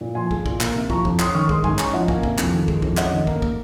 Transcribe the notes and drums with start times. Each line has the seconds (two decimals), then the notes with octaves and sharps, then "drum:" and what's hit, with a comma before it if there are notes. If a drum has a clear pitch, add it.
0.01 A#2
0.15 F3 G#5 C6
0.31 G#3, drum: kick
0.46 A#2, drum: kick
0.61 A#3, drum: clap
0.76 C3
0.90 F3 A#5 C#6, drum: kick
1.05 F2, drum: kick
1.19 C#4 C6 D#6, drum: clap
1.35 D#3 C#6 F6
1.49 G#3 C6 D#6, drum: kick
1.64 G#2 G#5 C6, drum: kick
1.79 C#4 A#5 C#6, drum: clap
1.93 F3 D#5 F#5
2.08 A#3 F5 G#5, drum: kick
2.23 C3, drum: kick
2.38 F2, drum: clap
2.53 D#3
2.68 G#3, drum: kick
2.82 F2, drum: kick
2.97 C#4 D#5 F#5, drum: clap
3.13 D#3
3.27 A#3, drum: kick
3.42 drum: kick